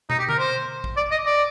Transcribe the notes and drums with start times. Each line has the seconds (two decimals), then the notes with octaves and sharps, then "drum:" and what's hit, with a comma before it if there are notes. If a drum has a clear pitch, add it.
0.10 D#4, drum: tom
0.19 G4
0.29 A#4, drum: tom D3
0.38 C5
0.84 drum: kick
0.96 D5
1.11 D#5
1.26 D5